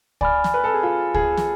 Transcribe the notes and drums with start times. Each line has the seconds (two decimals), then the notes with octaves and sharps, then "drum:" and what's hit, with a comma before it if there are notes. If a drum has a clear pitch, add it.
0.21 D5 G#5 B5 F6, drum: kick C#2
0.44 drum: snare
0.54 B4
0.64 A4
0.74 G#4
0.83 F4
1.14 G#4, drum: kick C#2
1.37 drum: snare